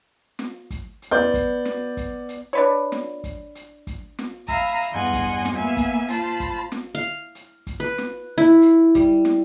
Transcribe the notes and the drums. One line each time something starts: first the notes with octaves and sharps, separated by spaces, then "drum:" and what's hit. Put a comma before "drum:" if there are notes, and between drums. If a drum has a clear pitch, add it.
drum: snare
drum: kick, hi-hat
drum: hi-hat
B3 D5 G6
drum: kick, hi-hat
drum: snare
drum: kick, hi-hat
drum: hi-hat
D4 B4 C#5
drum: snare
drum: kick, hi-hat
drum: hi-hat
drum: kick, hi-hat
drum: snare
E5 F5 G#5 A#5 B5 E6, drum: kick, hi-hat
drum: hi-hat
E2 G2 D#5 F#5 G#5 C6
drum: kick, hi-hat
drum: snare
A#3 B3 E5 G#5
drum: kick, hi-hat
F4 C5 A5 B5, drum: hi-hat
drum: kick, hi-hat
drum: snare
F5
drum: hi-hat
drum: kick, hi-hat
B4
drum: snare
E4
drum: hi-hat
G3, drum: kick, hi-hat
drum: snare